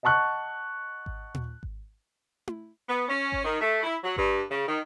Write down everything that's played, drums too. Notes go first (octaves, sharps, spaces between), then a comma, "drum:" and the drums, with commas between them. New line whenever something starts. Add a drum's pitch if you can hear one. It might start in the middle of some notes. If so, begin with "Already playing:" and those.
D#5 F#5 A5 C#6 F#6
drum: kick G#1
drum: tom A#2
drum: kick G#1
drum: tom E4
B3
C#4
drum: kick G#1
D#3
A3
E4
F#3
G2, drum: kick G#1
C#3
D#3